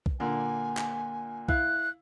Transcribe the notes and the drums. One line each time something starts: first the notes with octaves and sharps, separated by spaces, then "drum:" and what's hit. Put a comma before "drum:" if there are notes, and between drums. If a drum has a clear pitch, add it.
drum: kick B1
A#2 D3 A#3 G#5
drum: clap
E4 F5 F#6, drum: kick B1